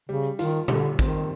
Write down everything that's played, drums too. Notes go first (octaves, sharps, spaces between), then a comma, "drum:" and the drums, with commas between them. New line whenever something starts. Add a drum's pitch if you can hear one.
C#3 G3
D#3 F4, drum: hi-hat
D3 G3, drum: tom A#2
D#3 C4, drum: kick, hi-hat